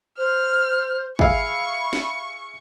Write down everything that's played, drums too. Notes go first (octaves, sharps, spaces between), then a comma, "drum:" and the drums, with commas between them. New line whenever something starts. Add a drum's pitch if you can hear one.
C5 F6
E4 G#4 F5 B5 C#6, drum: kick
drum: snare